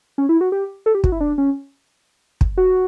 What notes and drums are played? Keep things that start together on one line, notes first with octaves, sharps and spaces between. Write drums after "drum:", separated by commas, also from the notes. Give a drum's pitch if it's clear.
C#4
E4
F#4
G4
A4
G4
F#4, drum: kick
E4
D4
C#4
drum: kick
F#4